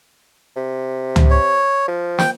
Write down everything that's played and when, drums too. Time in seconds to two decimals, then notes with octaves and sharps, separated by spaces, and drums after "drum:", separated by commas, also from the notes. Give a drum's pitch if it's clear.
0.57 C3
1.16 drum: tom
1.30 C#5
1.88 F3
2.19 G5, drum: snare